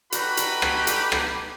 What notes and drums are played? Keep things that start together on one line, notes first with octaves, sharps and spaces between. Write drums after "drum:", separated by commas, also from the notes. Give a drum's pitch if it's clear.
D#4 F#4 G4 A4 B4 B5, drum: hi-hat
drum: hi-hat
drum: rim click
drum: hi-hat
drum: rim click